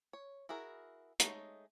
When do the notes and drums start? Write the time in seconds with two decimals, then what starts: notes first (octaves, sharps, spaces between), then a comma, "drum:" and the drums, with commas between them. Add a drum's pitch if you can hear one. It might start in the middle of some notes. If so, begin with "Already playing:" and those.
0.13 C#5
0.49 E4 F#4 G#4 A#4
1.20 G#3 A3 D#4 C#5, drum: hi-hat